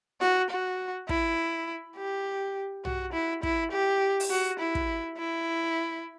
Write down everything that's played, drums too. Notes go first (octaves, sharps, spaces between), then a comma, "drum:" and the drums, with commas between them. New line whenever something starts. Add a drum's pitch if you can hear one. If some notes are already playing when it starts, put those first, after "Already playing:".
F#4, drum: snare E4
F#4
E4, drum: kick
G4
F#4, drum: tom B1
E4
E4, drum: kick
G4
drum: open hi-hat
F#4
E4
drum: kick
E4